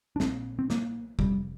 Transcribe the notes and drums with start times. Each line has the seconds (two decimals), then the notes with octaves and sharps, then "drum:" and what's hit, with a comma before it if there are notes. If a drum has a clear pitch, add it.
0.16 D4
0.20 A#1 A#2 C4, drum: snare
0.59 C4
0.70 A#3, drum: snare
1.19 F1 F2 C3 G3, drum: kick